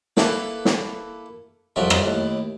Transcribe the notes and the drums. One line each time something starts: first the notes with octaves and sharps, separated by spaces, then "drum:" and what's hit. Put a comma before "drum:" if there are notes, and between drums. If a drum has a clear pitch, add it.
A#3 E4 A4 B4, drum: snare
drum: snare
C2 F2 F3 F#3 E5
drum: rim click
D#2 A2